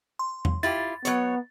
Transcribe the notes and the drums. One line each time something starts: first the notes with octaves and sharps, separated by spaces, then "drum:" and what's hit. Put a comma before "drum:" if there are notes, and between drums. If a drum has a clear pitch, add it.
C6
drum: tom E2
E4 F4 G4 A6
F#3 B3 C#5, drum: hi-hat